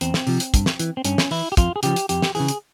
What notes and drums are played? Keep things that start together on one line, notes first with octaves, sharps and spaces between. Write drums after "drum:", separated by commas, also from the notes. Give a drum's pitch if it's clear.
E2 C4, drum: hi-hat
drum: snare
C3 F3, drum: open hi-hat
drum: hi-hat
G2, drum: kick, hi-hat
drum: snare
E3, drum: hi-hat
C4
G2 C#4, drum: hi-hat
drum: snare
E3 E4, drum: open hi-hat
G4
F2 F4, drum: kick, hi-hat
G#4
C#3 F3 G4, drum: hi-hat
drum: hi-hat
F2 G4, drum: hi-hat
drum: snare
C#3 E3 G#4, drum: open hi-hat
drum: hi-hat